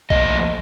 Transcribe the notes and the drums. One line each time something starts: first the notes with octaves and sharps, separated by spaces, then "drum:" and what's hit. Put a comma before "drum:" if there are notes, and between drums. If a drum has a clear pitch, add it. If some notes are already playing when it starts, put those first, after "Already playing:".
A#2 F3 A3 D#5, drum: kick B1